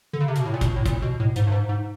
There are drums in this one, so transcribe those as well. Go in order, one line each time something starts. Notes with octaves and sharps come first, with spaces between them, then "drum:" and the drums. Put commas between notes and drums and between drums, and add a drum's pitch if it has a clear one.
D3
C#3
C3
B2, drum: hi-hat
A2
A#2
B2, drum: kick, hi-hat
A2
A#2, drum: kick, hi-hat
B2
A2
G#2, drum: hi-hat
G2
G#2
G#2